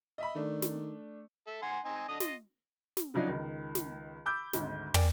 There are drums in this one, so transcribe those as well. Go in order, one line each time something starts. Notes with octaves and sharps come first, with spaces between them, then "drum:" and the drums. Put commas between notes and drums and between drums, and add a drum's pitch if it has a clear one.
D#5 E5 B5
D#3 A3 D4
drum: snare
A4 E5
F#5 G#5 C6
C4 D#4 G#5
D3 D#5 D#6
F4 D#5, drum: snare
drum: snare
C#3 F3 F#3 D4 D#4
C#2 D#3
drum: snare
B5 D6 E6 G6
G#1 D2 G#2, drum: snare
A#4 D5 G5 G#5, drum: tom